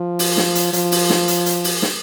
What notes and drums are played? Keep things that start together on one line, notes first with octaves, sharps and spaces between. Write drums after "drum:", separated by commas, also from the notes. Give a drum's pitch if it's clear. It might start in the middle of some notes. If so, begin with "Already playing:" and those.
Already playing: F3
drum: open hi-hat
drum: snare
drum: hi-hat
F3, drum: hi-hat
drum: open hi-hat
drum: snare
drum: hi-hat
drum: hi-hat
drum: open hi-hat
drum: snare